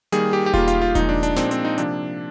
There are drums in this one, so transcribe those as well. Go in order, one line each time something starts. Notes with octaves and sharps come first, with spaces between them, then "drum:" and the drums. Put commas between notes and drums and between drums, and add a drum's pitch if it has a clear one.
D#3 G3 A#3 G#4, drum: hi-hat
G4
G4
D#3 G3 A#3 F4, drum: kick E1
F4, drum: hi-hat
F4
A#2 F3 G#3 D#4, drum: kick E1, hi-hat
D4
D4, drum: hi-hat
A#2 F3 G#3 C4, drum: snare
C4, drum: hi-hat
D#4
C3 F3 A#3 D4, drum: hi-hat